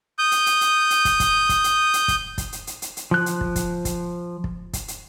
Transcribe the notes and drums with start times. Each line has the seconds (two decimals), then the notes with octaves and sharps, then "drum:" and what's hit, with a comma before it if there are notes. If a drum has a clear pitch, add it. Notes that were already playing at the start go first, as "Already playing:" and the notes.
0.19 D#6 G6
0.31 drum: hi-hat
0.46 drum: hi-hat
0.61 drum: hi-hat
0.90 drum: hi-hat
1.05 drum: kick, hi-hat
1.20 drum: kick, hi-hat
1.49 drum: kick, hi-hat
1.64 drum: hi-hat
1.94 drum: hi-hat
2.08 drum: kick, hi-hat
2.38 drum: kick, hi-hat
2.52 drum: hi-hat
2.67 drum: hi-hat
2.82 drum: hi-hat
2.97 drum: hi-hat
3.11 F3 F#6
3.26 drum: hi-hat
3.41 drum: kick
3.56 drum: kick, hi-hat
3.85 drum: kick, hi-hat
4.44 drum: kick
4.73 drum: kick, hi-hat
4.88 drum: hi-hat